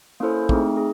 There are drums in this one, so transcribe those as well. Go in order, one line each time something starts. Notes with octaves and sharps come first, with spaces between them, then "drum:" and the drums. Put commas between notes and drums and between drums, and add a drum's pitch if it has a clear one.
A#3 C#4 E4 A4 C5
A3 C4 D#4 G#4, drum: kick
G#4